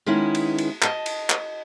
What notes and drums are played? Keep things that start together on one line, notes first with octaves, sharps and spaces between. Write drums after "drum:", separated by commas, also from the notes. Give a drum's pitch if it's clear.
D#3 G#3 B3 C#4 E4
drum: cymbal
drum: cymbal
D#5 A5, drum: clap
drum: cymbal
drum: clap